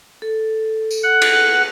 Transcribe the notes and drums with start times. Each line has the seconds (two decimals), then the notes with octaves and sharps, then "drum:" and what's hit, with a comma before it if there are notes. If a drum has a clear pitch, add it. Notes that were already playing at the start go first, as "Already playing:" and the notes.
0.22 A4
0.91 drum: tambourine
1.03 F#5
1.22 drum: cymbal